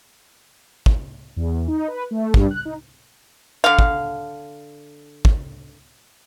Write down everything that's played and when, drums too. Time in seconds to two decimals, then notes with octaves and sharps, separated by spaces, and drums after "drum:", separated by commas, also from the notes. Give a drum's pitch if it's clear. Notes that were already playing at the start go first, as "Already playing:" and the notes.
0.86 drum: kick
1.36 E2
1.68 D#4
1.88 B4
2.11 A3
2.34 G2, drum: kick
2.51 F#6
2.65 D#4
3.64 D3 F5
3.79 drum: kick
5.25 drum: kick